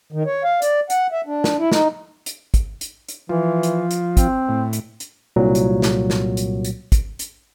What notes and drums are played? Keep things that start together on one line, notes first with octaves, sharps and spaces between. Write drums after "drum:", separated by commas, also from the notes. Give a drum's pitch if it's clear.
D#3
C#5
F5
D5, drum: hi-hat
F#5, drum: hi-hat
E5
D4
drum: snare
E4
D#4, drum: snare
drum: hi-hat
drum: kick, hi-hat
drum: hi-hat
drum: hi-hat
E3 F3 F4
drum: hi-hat
drum: hi-hat
C4, drum: kick, hi-hat
A2
drum: hi-hat
drum: hi-hat
C2 A#2 F#3
drum: hi-hat
drum: snare
drum: snare
drum: hi-hat
drum: hi-hat
drum: kick, hi-hat
drum: hi-hat